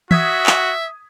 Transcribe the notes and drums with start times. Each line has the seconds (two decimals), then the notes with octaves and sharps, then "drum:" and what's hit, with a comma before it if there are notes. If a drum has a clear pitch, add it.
0.11 F#4 E5 D#6 G#6 B6, drum: tom
0.46 drum: clap